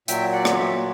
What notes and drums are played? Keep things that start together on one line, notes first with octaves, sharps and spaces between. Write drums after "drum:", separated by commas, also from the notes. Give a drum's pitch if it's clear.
A#2 F#3 E5 G5, drum: hi-hat
D5 F#5
drum: rim click
C#5 E5